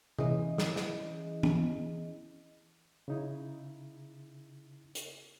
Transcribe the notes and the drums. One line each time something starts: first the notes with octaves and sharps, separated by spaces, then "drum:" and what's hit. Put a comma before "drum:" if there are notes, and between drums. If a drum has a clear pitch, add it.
E3 C#4 E4 G#4 D#5, drum: tom C3
drum: snare
drum: snare
drum: tom
C#3 D#4 E4
drum: hi-hat